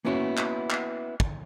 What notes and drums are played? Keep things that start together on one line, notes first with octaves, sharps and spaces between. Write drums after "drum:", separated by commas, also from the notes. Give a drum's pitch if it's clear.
A#3 B3 C#4 E4 F#4 C#5
drum: clap
drum: clap
drum: kick